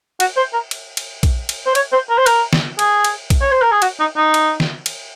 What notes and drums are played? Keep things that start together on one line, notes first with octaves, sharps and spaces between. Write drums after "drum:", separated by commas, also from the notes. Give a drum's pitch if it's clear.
F#4, drum: cymbal
C5
A#4
drum: cymbal
drum: cymbal
drum: kick A#1, cymbal
drum: cymbal
C5
C#5, drum: cymbal
C5
A#4
C5
A#4, drum: cymbal
drum: snare
G#4, drum: cymbal
drum: cymbal
drum: kick A#1, cymbal
C#5
C5
A#4
G#4
F#4, drum: cymbal
D#4
D#4
drum: cymbal
drum: snare
drum: cymbal